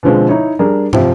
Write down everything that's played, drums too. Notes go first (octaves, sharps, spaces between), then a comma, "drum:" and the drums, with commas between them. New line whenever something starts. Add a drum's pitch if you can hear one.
B2 D3 F3 G#3 C4
D#4 E4 C#5
G3 D4 G#4 A#4
C3 F3 G4, drum: tom